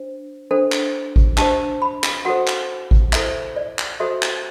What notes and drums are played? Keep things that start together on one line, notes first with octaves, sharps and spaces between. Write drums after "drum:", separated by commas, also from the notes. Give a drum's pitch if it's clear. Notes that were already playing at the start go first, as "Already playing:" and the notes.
Already playing: D4 C5
D4 A4 C5
drum: clap
drum: kick G#1
D4 G4 C5 A5, drum: clap
B5
drum: clap
F#4 A4 C5 F#5
drum: clap
drum: kick G#1
E4 A4 C5 E5, drum: clap
D5
drum: clap
F#4 A4 C5 E5
drum: clap